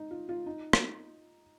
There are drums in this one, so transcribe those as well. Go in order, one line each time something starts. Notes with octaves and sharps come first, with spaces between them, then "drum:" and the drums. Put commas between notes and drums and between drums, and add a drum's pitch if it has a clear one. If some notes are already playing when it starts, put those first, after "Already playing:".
Already playing: D#4
F4
F4
D#4
drum: rim click